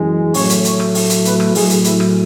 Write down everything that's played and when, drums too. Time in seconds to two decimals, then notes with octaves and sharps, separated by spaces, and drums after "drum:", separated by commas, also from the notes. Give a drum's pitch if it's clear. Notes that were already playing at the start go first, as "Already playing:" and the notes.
Already playing: F#2 E3 G#3
0.34 A2 F#3 A3 C#4 C#5, drum: open hi-hat
0.50 drum: hi-hat
0.65 drum: hi-hat
0.80 drum: rim click
0.95 drum: open hi-hat
1.10 drum: hi-hat
1.25 B3 B4, drum: hi-hat
1.40 drum: rim click
1.55 A2 F#3 G#3 A3 G#4, drum: open hi-hat
1.70 drum: hi-hat
1.84 E3 E4, drum: hi-hat
2.00 drum: rim click